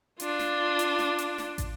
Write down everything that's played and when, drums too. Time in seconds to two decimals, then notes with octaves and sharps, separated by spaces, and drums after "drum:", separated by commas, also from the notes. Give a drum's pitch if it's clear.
0.20 D4 F4, drum: hi-hat
0.39 drum: snare
0.79 drum: hi-hat
0.99 drum: snare
1.19 drum: hi-hat
1.38 drum: snare
1.58 drum: kick, hi-hat